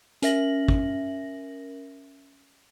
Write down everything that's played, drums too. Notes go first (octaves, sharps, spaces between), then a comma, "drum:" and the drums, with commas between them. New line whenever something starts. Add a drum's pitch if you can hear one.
C#4 A#4 E5 A#6 F#7, drum: hi-hat
drum: kick